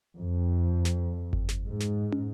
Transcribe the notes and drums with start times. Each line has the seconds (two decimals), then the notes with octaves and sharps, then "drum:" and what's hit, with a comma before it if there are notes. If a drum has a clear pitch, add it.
0.16 F2
0.85 drum: snare
1.33 drum: kick G1
1.49 drum: snare
1.65 G#2
1.81 drum: snare
2.12 drum: tom